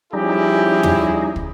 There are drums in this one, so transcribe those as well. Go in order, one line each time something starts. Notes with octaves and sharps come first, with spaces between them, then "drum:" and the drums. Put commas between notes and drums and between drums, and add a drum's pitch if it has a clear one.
F3 G3 C#4 D#4 E4 G4 G#4
drum: tom
drum: kick